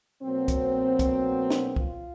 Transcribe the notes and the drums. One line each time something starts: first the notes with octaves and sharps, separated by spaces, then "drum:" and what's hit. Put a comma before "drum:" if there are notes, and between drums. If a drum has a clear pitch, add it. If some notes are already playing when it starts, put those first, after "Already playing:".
B2 F#3 A#3 C4
drum: kick C2, hi-hat
drum: kick C2, hi-hat
drum: snare
F4, drum: kick C2